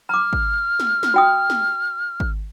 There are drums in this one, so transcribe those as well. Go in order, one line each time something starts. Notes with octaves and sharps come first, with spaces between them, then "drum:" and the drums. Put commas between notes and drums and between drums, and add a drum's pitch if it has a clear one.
A#5 D6 F6
drum: kick G#1
drum: snare
drum: snare
F#4 G5 D#6
drum: snare
drum: kick G#1